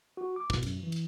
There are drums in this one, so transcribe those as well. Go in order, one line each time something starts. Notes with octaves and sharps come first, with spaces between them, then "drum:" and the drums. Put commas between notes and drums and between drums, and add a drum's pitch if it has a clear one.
F#4
D6
B2, drum: kick
F#2, drum: cymbal
E3
drum: cymbal